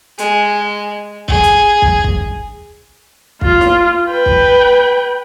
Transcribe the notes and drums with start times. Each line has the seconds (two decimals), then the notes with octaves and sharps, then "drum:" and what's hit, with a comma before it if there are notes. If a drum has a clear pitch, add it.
0.18 G#3, drum: hi-hat
1.28 G#4, drum: kick
1.43 drum: hi-hat
1.82 drum: kick
2.04 drum: kick
3.41 F4, drum: kick
3.61 drum: snare
4.10 B4 G5
4.26 drum: kick